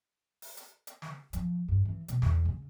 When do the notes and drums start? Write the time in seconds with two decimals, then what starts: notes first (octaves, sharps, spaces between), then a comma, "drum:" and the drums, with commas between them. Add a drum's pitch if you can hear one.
0.42 drum: open hi-hat
0.57 drum: hi-hat
0.87 drum: hi-hat
1.02 drum: snare
1.33 F3, drum: hi-hat
1.68 G2
1.85 E3
2.08 B2, drum: hi-hat
2.22 E2, drum: snare
2.45 C#3